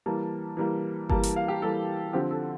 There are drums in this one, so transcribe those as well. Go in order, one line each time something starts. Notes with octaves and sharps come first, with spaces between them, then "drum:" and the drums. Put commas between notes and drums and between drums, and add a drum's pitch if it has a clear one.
E3 G3 A#3 A5
E3 G3 A#3
E3 G3 A#3 A5, drum: kick G1
drum: hi-hat
F5
G4
E3 G3 A#3 A4
D3 F3 C4 G4
A4